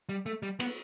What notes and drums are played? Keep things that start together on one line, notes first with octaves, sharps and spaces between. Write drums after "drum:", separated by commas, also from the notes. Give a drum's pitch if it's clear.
G3
A3
G3
B3, drum: cymbal